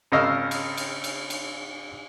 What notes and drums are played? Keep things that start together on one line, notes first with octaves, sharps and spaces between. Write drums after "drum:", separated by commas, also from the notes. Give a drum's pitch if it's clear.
G#1 C#3 A#4 D#5 F5 E6
drum: cymbal
drum: cymbal
drum: cymbal
drum: cymbal